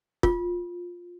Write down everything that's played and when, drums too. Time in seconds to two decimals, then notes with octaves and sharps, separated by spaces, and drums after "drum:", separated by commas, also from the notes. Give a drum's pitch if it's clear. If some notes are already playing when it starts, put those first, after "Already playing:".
0.23 F4, drum: kick